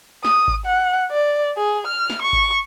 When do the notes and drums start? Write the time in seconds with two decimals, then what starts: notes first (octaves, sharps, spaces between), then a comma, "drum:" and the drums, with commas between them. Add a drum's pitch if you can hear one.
0.25 D#6, drum: snare
0.48 drum: kick G#1
0.66 F#5
1.12 D5
1.57 G#4
1.87 F6
2.10 drum: snare
2.22 C#6
2.33 drum: kick G#1